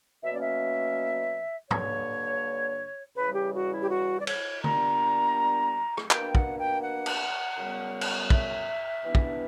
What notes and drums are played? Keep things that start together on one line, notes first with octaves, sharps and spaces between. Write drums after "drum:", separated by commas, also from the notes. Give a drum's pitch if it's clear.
B2 F#3 A#3 C#4 E5
D5
E5
G2 D3 A#3 C#5, drum: tom
C#3 E3 G3 B4
G4
F#4
E4
G4
F#4
D5
C#5, drum: cymbal
A#2 G3 B3 D4 A#5, drum: tom D3
drum: rim click
B2 A#3 D4 G5, drum: clap
F#5, drum: kick
G5
F#5
drum: cymbal
F#2 C#3 G3 B3
drum: cymbal
E5, drum: kick
G2 E3 B3 D4
drum: kick